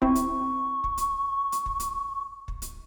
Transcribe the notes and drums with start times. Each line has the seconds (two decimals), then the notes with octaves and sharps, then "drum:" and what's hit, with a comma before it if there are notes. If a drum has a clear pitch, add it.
0.02 C4 E4 C#6, drum: kick
0.15 drum: hi-hat
0.84 drum: kick
0.98 drum: hi-hat
1.52 drum: hi-hat
1.66 drum: kick
1.80 drum: hi-hat
2.48 drum: kick
2.62 drum: hi-hat